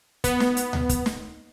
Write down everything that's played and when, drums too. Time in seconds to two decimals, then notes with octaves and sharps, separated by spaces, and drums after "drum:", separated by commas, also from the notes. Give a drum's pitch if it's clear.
0.24 B3, drum: kick, hi-hat
0.40 drum: snare
0.57 drum: hi-hat
0.73 drum: tom D2
0.89 drum: kick, hi-hat
1.06 drum: snare